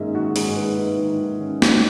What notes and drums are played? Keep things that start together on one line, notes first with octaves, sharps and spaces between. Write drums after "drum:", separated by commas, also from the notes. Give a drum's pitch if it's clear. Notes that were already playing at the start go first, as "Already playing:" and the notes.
Already playing: G#2 D#3 A#3 C#4 G#4 D#5 E5
D#3 F#4
G#2 G#4, drum: open hi-hat
G#2 B4
G#2
D#3
D#3
C#4
G#2, drum: snare